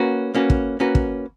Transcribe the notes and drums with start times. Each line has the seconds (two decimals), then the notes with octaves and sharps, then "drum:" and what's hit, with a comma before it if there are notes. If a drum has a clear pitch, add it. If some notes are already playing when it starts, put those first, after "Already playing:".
Already playing: A#3 C#4 F#4 B4
0.35 A#3 C#4 F#4 B4
0.50 drum: kick
0.80 A#3 C#4 F#4 B4
0.95 drum: kick